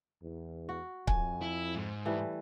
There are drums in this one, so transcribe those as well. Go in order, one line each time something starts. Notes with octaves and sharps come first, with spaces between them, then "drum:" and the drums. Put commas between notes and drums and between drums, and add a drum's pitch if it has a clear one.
E2
F#4
F2 G#5, drum: kick C#1
E4
G#2
E3 G3 A3